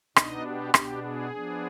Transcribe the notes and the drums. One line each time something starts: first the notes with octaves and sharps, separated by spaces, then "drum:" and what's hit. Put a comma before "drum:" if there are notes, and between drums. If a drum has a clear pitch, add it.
B2 B3 D4 D#4 D#5, drum: rim click
G4
B2 B3 D4 G4, drum: rim click
G#4
F3 B3 D4